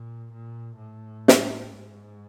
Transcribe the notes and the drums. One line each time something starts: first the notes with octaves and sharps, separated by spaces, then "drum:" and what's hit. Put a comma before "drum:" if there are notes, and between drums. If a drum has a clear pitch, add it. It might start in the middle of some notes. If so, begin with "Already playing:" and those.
Already playing: A#2
A#2
A2
drum: snare
G#2